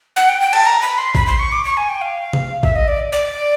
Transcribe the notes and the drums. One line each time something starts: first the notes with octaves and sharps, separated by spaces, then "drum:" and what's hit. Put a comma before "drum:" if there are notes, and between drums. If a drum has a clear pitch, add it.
F#5
G5
G5
A5, drum: cymbal
A#5
B5
C6
B5, drum: kick
C6
C#6
D6
C#6
G#5
G5
F5
drum: tom C3
E5, drum: kick
D#5
D5
D5